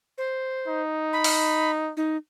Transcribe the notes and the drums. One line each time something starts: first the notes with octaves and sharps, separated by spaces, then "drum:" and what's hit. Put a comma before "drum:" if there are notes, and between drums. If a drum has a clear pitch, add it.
C5
D#4
B5
drum: open hi-hat
D#4